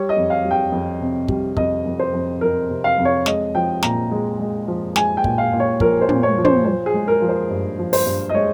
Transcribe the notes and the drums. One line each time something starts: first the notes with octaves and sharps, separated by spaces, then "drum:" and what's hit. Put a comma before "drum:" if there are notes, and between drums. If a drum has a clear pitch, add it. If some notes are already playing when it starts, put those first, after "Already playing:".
Already playing: G3 C#5
D#5
F2
F5
G3
G5
F2
C3
G3, drum: kick
F2 D#5, drum: kick
F2
C5
F2
F2 A#4
C3
F5
F2
C#5
G#3 D#5, drum: snare
F3 G5
A#2 A#5, drum: snare
G#3
G#3
F3
G#3 G#5, drum: snare
G5
A#2, drum: kick
F5
A#2
C#5
F3 A#4, drum: kick
C5
A#2, drum: tom
C#5
F3
C5, drum: tom
F3 C5
G#4
G#3
A#4
F3
C5
G2
F3
C5, drum: open hi-hat
G2
D#5
G#3 C#5